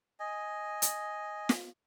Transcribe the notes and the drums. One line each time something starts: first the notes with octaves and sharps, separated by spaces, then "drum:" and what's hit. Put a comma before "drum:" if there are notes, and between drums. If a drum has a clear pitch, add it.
D#5 G#5
drum: hi-hat
drum: snare